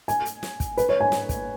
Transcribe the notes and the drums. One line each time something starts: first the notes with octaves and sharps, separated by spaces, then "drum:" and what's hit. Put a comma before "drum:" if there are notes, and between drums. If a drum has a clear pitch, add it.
G#5, drum: hi-hat
drum: hi-hat
drum: snare
drum: kick, hi-hat
B4, drum: hi-hat
C#5
G#5
drum: snare
drum: kick, hi-hat